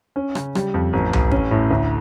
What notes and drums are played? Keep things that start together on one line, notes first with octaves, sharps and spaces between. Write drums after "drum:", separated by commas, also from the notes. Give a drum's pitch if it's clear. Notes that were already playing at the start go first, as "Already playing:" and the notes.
C#4
C#3, drum: rim click
G3, drum: rim click
F2
A1
A1, drum: tom C2
C#4, drum: kick
A2
D2